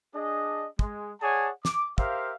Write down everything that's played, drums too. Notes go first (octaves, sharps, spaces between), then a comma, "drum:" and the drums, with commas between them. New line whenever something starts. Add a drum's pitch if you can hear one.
D4 G#4 D#5
G#3, drum: kick
G#4 C#5 D5 F#5 G#5 A5
D6, drum: snare
G4 A#4 C5 E5 F5, drum: kick